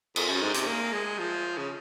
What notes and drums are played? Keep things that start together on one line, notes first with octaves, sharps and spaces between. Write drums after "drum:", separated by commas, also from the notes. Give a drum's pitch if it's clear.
F2, drum: cymbal
F#2
G#2
C3, drum: hi-hat
A#3
G#3
F3
C#3